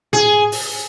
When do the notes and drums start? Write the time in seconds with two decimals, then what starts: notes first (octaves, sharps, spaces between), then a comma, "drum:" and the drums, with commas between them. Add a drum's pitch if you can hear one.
0.13 G#4, drum: tom A2
0.52 drum: open hi-hat